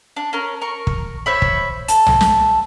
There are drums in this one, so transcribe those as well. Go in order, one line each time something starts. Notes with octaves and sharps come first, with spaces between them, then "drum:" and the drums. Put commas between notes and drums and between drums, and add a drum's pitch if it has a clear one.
D4
C#4 A#4
A#4 C#6
drum: kick
C5 C#5 E5 B5
drum: kick
A4 A5, drum: hi-hat
drum: tom
drum: snare